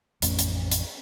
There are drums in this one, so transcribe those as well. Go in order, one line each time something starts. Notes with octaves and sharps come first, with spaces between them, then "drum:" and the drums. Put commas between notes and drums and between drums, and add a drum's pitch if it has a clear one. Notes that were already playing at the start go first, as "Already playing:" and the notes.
A1 F2 A3 C#4, drum: hi-hat
drum: hi-hat
drum: hi-hat